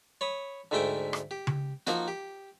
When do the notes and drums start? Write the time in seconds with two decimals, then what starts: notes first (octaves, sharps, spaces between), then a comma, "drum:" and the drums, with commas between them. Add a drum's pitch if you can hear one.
0.21 C#5 B5 D#6
0.71 D2 G#2 G#3 A3 E5 G5
1.13 drum: rim click
1.31 G4
1.47 drum: tom C#3
1.87 F3 A#3 D#4 F#4, drum: snare
2.08 G4